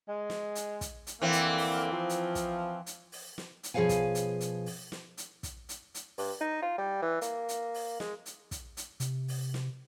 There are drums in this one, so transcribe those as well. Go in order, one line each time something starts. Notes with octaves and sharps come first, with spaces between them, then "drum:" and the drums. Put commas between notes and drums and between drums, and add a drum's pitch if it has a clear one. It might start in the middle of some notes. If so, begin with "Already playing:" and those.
G#3
drum: snare
drum: hi-hat
drum: kick, hi-hat
drum: hi-hat
F2 D3 E3 A#3 C4
drum: hi-hat
drum: open hi-hat
F3
drum: hi-hat
drum: kick, hi-hat
drum: hi-hat
drum: open hi-hat
drum: snare
drum: hi-hat
B2 F3 G#4 C#5 F5 G#5
drum: kick, hi-hat
drum: hi-hat
drum: hi-hat
drum: open hi-hat
drum: snare
drum: hi-hat
drum: kick, hi-hat
drum: hi-hat
drum: hi-hat
G2, drum: open hi-hat
D#4
F4
G3
E3
A#3, drum: hi-hat
drum: hi-hat
drum: open hi-hat
G#3, drum: snare
drum: hi-hat
drum: kick, hi-hat
drum: hi-hat
C3, drum: hi-hat
drum: open hi-hat
drum: snare